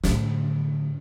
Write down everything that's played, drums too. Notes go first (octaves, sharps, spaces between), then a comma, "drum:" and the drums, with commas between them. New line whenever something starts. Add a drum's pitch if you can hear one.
A2 D3, drum: snare